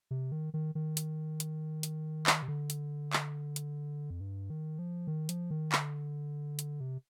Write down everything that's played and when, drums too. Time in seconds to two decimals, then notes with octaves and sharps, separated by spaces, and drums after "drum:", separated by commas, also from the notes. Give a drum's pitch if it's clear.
0.11 C3
0.32 D#3
0.54 D#3
0.75 D#3
0.97 drum: hi-hat
1.40 drum: hi-hat
1.83 drum: hi-hat
2.27 drum: clap
2.43 C3
2.48 D3
2.70 drum: hi-hat
3.13 drum: clap
3.56 drum: hi-hat
4.10 F2
4.21 G2
4.50 D#3
4.79 F3
5.07 D#3
5.29 F3, drum: hi-hat
5.51 D#3
5.72 D3, drum: clap
6.59 drum: hi-hat
6.80 C3